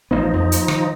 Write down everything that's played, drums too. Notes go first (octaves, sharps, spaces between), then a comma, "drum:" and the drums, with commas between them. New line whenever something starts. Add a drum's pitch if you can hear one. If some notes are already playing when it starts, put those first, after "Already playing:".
A1 F3 B3 D#4
F2 A#3
drum: hi-hat
D#3, drum: rim click